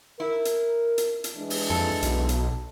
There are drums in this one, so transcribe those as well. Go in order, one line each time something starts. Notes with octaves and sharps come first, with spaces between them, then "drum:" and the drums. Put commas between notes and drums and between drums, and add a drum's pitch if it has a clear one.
E4 A#4
drum: hi-hat
drum: hi-hat
drum: hi-hat
E3 G#3 D4
drum: open hi-hat
F2 A4
B1, drum: hi-hat
drum: hi-hat